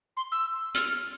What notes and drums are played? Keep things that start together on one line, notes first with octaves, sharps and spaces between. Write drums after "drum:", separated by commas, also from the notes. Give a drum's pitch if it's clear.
C6
E6
F6, drum: hi-hat